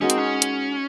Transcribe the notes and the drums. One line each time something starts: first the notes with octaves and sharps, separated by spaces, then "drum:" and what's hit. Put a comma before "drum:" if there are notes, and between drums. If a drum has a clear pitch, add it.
G#3 C#4 D#4 F#4 A#4
C4, drum: hi-hat
C#4
drum: hi-hat